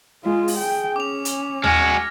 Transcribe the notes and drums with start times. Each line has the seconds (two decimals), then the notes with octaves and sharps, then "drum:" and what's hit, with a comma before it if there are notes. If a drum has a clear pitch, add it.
0.25 G#3 F4 G#4
0.48 drum: open hi-hat
0.58 G5
0.96 C#4 D6 F7
1.25 drum: hi-hat
1.64 G#3 F#4 G#5 F6 G#6 A#6, drum: tom D#2